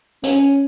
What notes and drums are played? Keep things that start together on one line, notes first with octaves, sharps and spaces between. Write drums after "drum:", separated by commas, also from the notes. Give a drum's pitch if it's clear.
C#4, drum: hi-hat